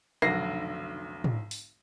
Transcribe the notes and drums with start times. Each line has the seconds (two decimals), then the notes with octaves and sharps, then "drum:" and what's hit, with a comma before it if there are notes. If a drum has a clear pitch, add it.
0.22 F1 B1 D3 F#4 A#6 C7, drum: rim click
1.24 drum: tom
1.51 drum: open hi-hat